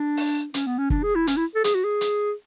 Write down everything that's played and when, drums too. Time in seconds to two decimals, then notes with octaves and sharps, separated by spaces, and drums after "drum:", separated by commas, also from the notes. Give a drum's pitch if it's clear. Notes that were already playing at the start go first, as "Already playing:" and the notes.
Already playing: D4
0.17 drum: open hi-hat
0.54 C#4, drum: hi-hat
0.67 B3
0.78 C#4
0.90 D4, drum: kick
1.03 G#4
1.15 E4
1.27 C#4, drum: hi-hat
1.37 E4
1.55 A4
1.64 G#4, drum: hi-hat
1.75 F#4
1.84 G#4
2.01 drum: hi-hat